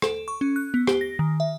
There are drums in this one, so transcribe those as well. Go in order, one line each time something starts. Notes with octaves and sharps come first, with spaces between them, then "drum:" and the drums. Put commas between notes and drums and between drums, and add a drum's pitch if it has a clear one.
A4, drum: rim click
C#6
C#4
F#6
B3
G4, drum: rim click
A#6
D#3
E5